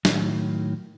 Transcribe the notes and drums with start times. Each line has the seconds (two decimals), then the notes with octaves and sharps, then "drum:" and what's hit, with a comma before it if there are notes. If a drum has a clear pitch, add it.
0.05 A2 D#3 F#3, drum: snare